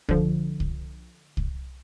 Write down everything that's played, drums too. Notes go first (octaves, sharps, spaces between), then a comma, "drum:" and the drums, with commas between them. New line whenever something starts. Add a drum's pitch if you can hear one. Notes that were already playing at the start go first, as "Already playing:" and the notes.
D3 F3, drum: kick C2
drum: kick C2
drum: kick C2